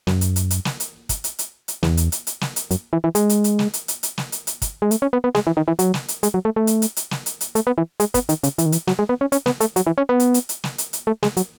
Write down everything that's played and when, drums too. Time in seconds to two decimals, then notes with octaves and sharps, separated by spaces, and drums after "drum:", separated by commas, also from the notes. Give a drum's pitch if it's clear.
0.07 F#2, drum: snare
0.21 drum: hi-hat
0.36 drum: hi-hat
0.51 drum: hi-hat
0.65 drum: snare
0.80 drum: hi-hat
1.09 drum: kick, hi-hat
1.24 drum: hi-hat
1.39 drum: hi-hat
1.68 drum: hi-hat
1.83 E2, drum: snare
1.97 drum: hi-hat
2.12 drum: hi-hat
2.27 drum: hi-hat
2.41 drum: snare
2.56 drum: hi-hat
2.71 F#2, drum: hi-hat
2.93 E3
3.04 E3
3.15 G#3, drum: hi-hat
3.29 drum: hi-hat
3.44 drum: hi-hat
3.59 drum: snare
3.74 drum: hi-hat
3.88 drum: hi-hat
4.03 drum: hi-hat
4.18 drum: snare
4.32 drum: hi-hat
4.47 drum: hi-hat
4.62 drum: kick, hi-hat
4.82 G#3
4.91 A3, drum: hi-hat
5.02 C#4
5.13 B3
5.24 B3
5.35 G#3, drum: snare
5.47 E3
5.57 D#3
5.68 E3
5.79 F#3, drum: hi-hat
5.94 drum: snare
6.08 drum: hi-hat
6.23 G#3, drum: hi-hat
6.34 F#3
6.45 A3
6.56 A3
6.67 drum: hi-hat
6.82 drum: hi-hat
6.97 drum: hi-hat
7.11 drum: snare
7.26 drum: hi-hat
7.41 drum: hi-hat
7.55 A3, drum: hi-hat
7.67 B3
7.78 E3
8.00 G#3, drum: hi-hat
8.14 B3, drum: kick, hi-hat
8.29 D#3, drum: hi-hat
8.43 C#3, drum: hi-hat
8.58 E3, drum: hi-hat
8.66 D#3
8.72 E3, drum: hi-hat
8.87 F#3, drum: snare
8.99 G#3
9.09 B3
9.21 C#4
9.32 C#4, drum: hi-hat
9.46 B3, drum: snare
9.60 A3, drum: hi-hat
9.76 F#3, drum: hi-hat
9.87 E3
9.98 C#4
10.09 B3
10.20 drum: hi-hat
10.34 drum: hi-hat
10.49 drum: hi-hat
10.64 drum: snare
10.78 drum: hi-hat
10.93 drum: hi-hat
11.07 A3
11.23 G#3, drum: snare
11.37 F#3, drum: hi-hat